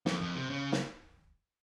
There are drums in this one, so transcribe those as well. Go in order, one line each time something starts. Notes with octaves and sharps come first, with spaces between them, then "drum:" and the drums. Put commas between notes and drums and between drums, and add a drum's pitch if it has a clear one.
F2, drum: snare
F2
C3
C#3
drum: snare